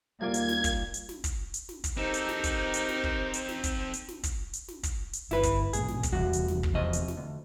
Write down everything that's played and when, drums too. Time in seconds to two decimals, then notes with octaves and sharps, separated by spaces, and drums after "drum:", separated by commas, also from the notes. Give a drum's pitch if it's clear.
0.21 D#2 G3 A#3 F4 D5 G#6
0.34 drum: hi-hat
0.49 drum: snare
0.64 drum: kick, hi-hat
0.94 drum: hi-hat
1.09 drum: snare
1.24 drum: kick, hi-hat
1.54 drum: hi-hat
1.69 drum: snare
1.84 drum: kick, hi-hat
1.97 C4 D#4 G4 A4 A#4 C5
2.14 drum: hi-hat
2.29 drum: snare
2.44 drum: kick, hi-hat
2.74 drum: hi-hat
2.89 drum: snare
3.04 drum: kick
3.34 drum: hi-hat
3.49 drum: snare
3.64 drum: kick, hi-hat
3.93 drum: hi-hat
4.08 drum: snare
4.23 drum: kick, hi-hat
4.53 drum: hi-hat
4.68 drum: snare
4.83 drum: kick, hi-hat
5.13 drum: hi-hat
5.31 G1 E4 B4, drum: snare
5.43 drum: kick, hi-hat
5.73 A#1 G#2 B2 G#4, drum: hi-hat
5.88 drum: snare
6.03 drum: kick, hi-hat
6.12 F1 E2 G2 F#4
6.33 drum: hi-hat
6.48 drum: snare
6.63 drum: kick
6.74 F2 C3 D#5
6.93 drum: hi-hat
7.08 drum: snare
7.17 D2